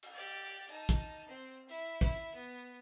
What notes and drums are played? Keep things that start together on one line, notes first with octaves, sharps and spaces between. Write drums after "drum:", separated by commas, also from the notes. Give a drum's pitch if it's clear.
drum: cymbal
G4 D5
D#4 A5
drum: kick
C4
E4
E4, drum: kick
B3